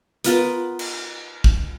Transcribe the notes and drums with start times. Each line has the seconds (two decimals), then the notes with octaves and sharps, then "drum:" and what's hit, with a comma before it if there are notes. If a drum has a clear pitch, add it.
0.24 B3 F4 A#4 B4, drum: hi-hat
0.79 drum: cymbal
1.44 drum: kick